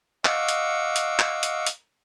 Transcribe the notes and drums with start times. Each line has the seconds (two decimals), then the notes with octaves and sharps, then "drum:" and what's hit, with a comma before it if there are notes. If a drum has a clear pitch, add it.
0.25 D#5 F5 F#5 C#6 D6 E6, drum: clap
0.49 drum: hi-hat
0.96 drum: hi-hat
1.19 drum: clap
1.43 drum: hi-hat
1.66 drum: hi-hat